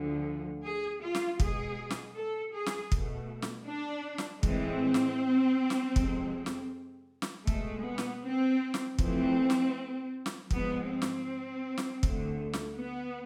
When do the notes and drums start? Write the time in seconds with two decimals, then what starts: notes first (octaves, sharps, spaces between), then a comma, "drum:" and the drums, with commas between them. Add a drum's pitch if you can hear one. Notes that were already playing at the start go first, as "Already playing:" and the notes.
Already playing: D2 D3 F3
0.64 G#4
1.02 F4
1.15 drum: snare
1.40 B2 G#3 G#4, drum: kick
1.90 drum: snare
2.16 A4
2.54 G#4
2.66 drum: snare
2.92 B2 A3, drum: kick
3.42 drum: snare
3.68 D4
4.18 drum: snare
4.43 A2 E3 G#3 C4, drum: kick
4.94 drum: snare
5.70 drum: snare
5.96 F2 C3 G#3, drum: kick
6.46 drum: snare
7.22 drum: snare
7.47 B2 G#3 A3, drum: kick
7.85 B3
7.98 drum: snare
8.24 C4
8.74 drum: snare
8.99 F2 E3 A3 C4, drum: kick
9.50 drum: snare
10.26 drum: snare
10.51 G#2 F3 G#3 B3, drum: kick
10.89 C4
11.02 drum: snare
11.78 drum: snare
12.03 D2 D3 A3, drum: kick
12.53 drum: snare
12.78 B3